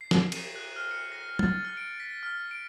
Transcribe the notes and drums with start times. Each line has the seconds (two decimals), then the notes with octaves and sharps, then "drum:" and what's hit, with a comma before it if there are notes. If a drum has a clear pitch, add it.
0.01 C7
0.11 drum: snare
0.32 D#7, drum: cymbal
0.56 F#6
0.76 F6
0.91 C#7
1.12 A#6
1.39 A6, drum: tom
1.65 F6
1.77 D7
2.00 B6
2.23 F6
2.51 D7